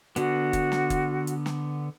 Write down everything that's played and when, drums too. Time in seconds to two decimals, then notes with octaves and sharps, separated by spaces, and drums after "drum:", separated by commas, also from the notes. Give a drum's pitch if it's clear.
0.16 D3 B3 F#4, drum: hi-hat
0.53 drum: kick, hi-hat
0.72 drum: snare
0.90 drum: kick, hi-hat
1.27 drum: hi-hat
1.46 drum: snare